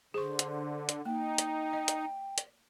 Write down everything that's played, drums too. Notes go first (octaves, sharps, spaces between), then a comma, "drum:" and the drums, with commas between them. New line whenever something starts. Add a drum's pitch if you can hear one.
D3 G#4 C5 C#6
drum: hi-hat
drum: hi-hat
A#3 D#4 G5
drum: hi-hat
D#5
drum: hi-hat
drum: hi-hat